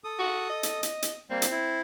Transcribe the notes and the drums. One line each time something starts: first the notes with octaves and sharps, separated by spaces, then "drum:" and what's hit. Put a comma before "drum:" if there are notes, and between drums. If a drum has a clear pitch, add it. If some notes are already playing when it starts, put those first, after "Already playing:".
A4 D#6
F#4
D#5
drum: hi-hat
drum: hi-hat
drum: hi-hat
G3 A#3 C4
drum: hi-hat
E4